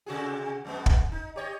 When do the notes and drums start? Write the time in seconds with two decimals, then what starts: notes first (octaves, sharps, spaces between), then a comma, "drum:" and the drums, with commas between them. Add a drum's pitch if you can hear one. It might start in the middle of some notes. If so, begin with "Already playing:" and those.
0.06 C3 F#4 G#4
0.65 F2 G#3 B3
0.86 drum: kick
1.12 D#4
1.36 G4 C#5 D#5